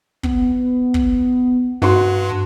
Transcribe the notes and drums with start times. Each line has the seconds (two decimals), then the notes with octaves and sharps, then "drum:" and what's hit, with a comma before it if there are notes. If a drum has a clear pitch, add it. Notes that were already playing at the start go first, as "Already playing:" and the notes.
0.23 B3, drum: kick
0.94 drum: kick
1.82 G2 F#4 C6